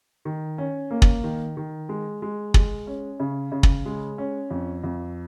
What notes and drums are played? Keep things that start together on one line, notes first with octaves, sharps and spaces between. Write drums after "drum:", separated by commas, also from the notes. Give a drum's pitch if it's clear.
D#3
C#4
A#3
drum: kick
D#3
D#3
G#3
G#3
G#3, drum: kick
C#4
C#3
C#3
drum: kick
G#3
C#4
F2
F2